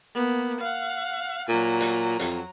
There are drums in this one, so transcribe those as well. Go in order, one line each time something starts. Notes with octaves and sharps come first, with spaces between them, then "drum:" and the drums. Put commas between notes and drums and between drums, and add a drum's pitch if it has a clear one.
A#3 B3
F5 F#5
A#2 F#3 A#5
drum: hi-hat
F2, drum: hi-hat